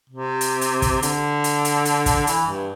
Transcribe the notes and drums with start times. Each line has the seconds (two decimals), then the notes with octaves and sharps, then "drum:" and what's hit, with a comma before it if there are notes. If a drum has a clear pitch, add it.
0.10 C3
0.41 drum: hi-hat
0.61 drum: hi-hat
0.82 drum: kick, hi-hat
1.02 D3, drum: hi-hat
1.44 drum: hi-hat
1.65 drum: hi-hat
1.85 drum: hi-hat
2.06 drum: kick, hi-hat
2.27 E3, drum: hi-hat
2.47 G2